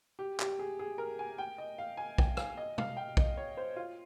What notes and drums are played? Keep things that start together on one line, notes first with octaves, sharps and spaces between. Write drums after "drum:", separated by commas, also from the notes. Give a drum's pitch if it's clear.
G4
G4, drum: clap
G#4
G#4
A#4
G#5
G5
D#5
F5
G#5
G5, drum: kick
F5, drum: rim click
D#5
F5, drum: tom
G5
D#5, drum: kick
C#5
C5
F4